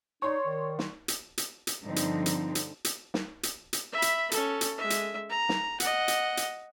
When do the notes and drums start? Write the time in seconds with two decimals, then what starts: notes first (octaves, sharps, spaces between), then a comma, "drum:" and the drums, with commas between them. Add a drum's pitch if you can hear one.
0.22 D#4 C#5 D5 C6 C#6
0.46 D#3
0.79 drum: snare
1.08 drum: hi-hat
1.38 drum: hi-hat
1.67 drum: hi-hat
1.83 G2 D3 F3 C4 D#4
1.96 drum: hi-hat
2.26 drum: hi-hat
2.55 drum: hi-hat
2.85 drum: hi-hat
3.14 drum: snare
3.43 drum: hi-hat
3.73 drum: hi-hat
3.92 E5 B5
4.02 drum: hi-hat
4.32 C#4 A4, drum: hi-hat
4.61 drum: hi-hat
4.77 G#3 E5
4.90 drum: hi-hat
5.29 A#5
5.49 drum: snare
5.80 D#5 F#5, drum: hi-hat
6.08 drum: hi-hat
6.37 drum: hi-hat